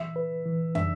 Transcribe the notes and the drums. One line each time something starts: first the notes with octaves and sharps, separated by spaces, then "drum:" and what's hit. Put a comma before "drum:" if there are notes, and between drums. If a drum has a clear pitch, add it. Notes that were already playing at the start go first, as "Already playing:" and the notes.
Already playing: E3 E5
B4
E3
D4 E5, drum: tom